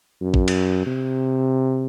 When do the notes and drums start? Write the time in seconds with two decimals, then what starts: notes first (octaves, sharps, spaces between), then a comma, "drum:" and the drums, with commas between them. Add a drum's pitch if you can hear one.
0.21 F#2
0.34 drum: kick
0.48 drum: cymbal
0.86 C3